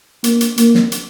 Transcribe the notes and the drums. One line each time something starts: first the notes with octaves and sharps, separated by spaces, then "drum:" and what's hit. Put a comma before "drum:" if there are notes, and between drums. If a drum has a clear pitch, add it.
A#3, drum: hi-hat
drum: hi-hat
A#3, drum: hi-hat
drum: snare
drum: hi-hat